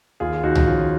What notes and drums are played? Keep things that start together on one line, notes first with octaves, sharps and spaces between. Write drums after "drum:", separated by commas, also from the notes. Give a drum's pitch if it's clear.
D#2 F4 G#4
D#2 D#4 F#4
drum: tom C2
F3 C#4 F4